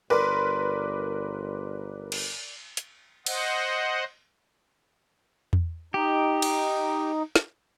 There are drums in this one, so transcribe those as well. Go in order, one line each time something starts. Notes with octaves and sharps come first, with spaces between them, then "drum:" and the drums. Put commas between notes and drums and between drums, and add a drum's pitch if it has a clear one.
G1 A#4 B4 D5 B5 C6
drum: cymbal
drum: hi-hat
C5 D#5 F#5, drum: cymbal
drum: tom E2
D#4 G4
drum: cymbal
drum: snare